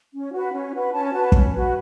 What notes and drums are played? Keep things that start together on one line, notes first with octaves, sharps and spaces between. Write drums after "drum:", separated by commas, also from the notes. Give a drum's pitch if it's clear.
C#4
F#4 B4
C#4
F#4 B4
C#4 A5
F#4 B4
C#4, drum: kick
F#4 B4